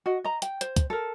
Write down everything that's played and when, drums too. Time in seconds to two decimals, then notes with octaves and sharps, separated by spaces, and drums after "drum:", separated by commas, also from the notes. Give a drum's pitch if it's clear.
0.06 F#4 D#5
0.24 D#5 A#5
0.42 G5, drum: hi-hat
0.61 C5, drum: hi-hat
0.76 drum: kick, hi-hat
0.90 A4 A#4